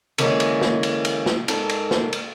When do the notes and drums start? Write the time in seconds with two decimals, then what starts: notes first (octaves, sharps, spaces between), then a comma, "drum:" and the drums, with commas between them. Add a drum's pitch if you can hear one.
0.18 D3 E3 G#3 A#3 C#4, drum: cymbal
0.40 drum: cymbal
0.61 drum: snare
0.83 drum: cymbal
1.05 drum: cymbal
1.26 drum: snare
1.48 G#2 A4 A#4, drum: cymbal
1.69 drum: cymbal
1.91 drum: snare
2.13 drum: cymbal